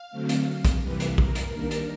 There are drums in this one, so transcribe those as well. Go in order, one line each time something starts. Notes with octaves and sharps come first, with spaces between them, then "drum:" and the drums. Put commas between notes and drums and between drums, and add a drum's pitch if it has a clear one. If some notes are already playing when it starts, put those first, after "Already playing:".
Already playing: F5
D3 F#3 A3 C4
drum: hi-hat
drum: kick, hi-hat
C3 E3 G3 A#3 B4
drum: hi-hat
A#4, drum: kick
drum: hi-hat
D#3 G3 A#3 D4 A#4
drum: hi-hat